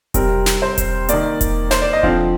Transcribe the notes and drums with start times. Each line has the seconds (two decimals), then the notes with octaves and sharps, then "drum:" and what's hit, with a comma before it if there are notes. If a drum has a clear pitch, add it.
0.14 C3 G3 C4 A#4, drum: kick E1, hi-hat
0.46 drum: snare
0.62 C5
0.78 drum: kick E1, hi-hat
1.09 D#3 A#3 D5, drum: hi-hat
1.41 drum: kick E1, hi-hat
1.71 C5, drum: snare
1.82 D5
1.93 D#5
2.03 D3 F3 C4 F5, drum: kick E1